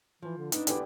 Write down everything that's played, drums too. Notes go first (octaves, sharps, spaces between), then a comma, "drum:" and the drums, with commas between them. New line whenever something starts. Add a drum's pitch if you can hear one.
E3 F3
D3
B3 D4 D#4, drum: hi-hat
E2 D3 G4 G#4 B4 D5, drum: hi-hat